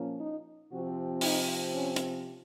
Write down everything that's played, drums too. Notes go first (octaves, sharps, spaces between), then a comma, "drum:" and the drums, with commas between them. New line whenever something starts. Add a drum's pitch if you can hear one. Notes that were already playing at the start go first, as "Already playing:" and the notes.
Already playing: A#2 F3 A#3 C#4
D#4
C3 F3 C4 F#4
D#4, drum: open hi-hat
C#4
drum: hi-hat